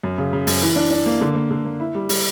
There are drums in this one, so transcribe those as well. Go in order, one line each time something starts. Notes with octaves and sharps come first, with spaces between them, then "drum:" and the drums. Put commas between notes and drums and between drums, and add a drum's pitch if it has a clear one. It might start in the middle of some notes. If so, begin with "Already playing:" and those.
F#2
C#3
C#3
F#2, drum: open hi-hat
E3
D4
D4
A#3
D3
A#3
D3
A#3
E4
G3
G3, drum: open hi-hat